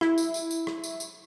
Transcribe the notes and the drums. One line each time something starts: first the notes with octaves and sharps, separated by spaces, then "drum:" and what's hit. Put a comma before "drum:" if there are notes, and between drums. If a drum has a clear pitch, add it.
E4, drum: rim click
drum: tambourine
drum: tambourine
drum: tambourine
drum: rim click
drum: tambourine
drum: tambourine